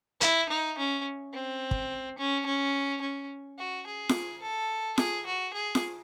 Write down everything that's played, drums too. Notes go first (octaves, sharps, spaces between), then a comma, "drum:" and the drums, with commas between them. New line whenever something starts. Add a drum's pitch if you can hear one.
E4, drum: hi-hat
D#4
C#4
C4
drum: kick
C#4
C#4
C#4
F#4
G#4
drum: snare F4
A4
G#4, drum: snare F4
F#4
G#4
drum: snare F4